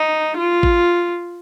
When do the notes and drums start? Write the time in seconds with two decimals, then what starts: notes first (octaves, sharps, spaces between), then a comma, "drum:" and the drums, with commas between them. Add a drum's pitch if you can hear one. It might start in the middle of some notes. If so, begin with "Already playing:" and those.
Already playing: D#4
0.37 F4
0.63 drum: kick A1